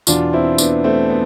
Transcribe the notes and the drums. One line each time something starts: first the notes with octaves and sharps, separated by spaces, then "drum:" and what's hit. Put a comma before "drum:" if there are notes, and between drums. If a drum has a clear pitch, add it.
E2 B2 D4 F4, drum: tambourine
C4 E4
B3 D4, drum: tambourine
A3 C4
B3